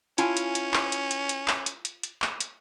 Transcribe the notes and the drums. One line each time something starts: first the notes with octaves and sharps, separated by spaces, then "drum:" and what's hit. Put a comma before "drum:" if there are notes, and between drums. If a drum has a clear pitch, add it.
C#4 E4 F4 G#5, drum: hi-hat
drum: hi-hat
drum: hi-hat
drum: clap
drum: hi-hat
drum: hi-hat
drum: hi-hat
drum: clap
drum: hi-hat
drum: hi-hat
drum: hi-hat
drum: clap
drum: hi-hat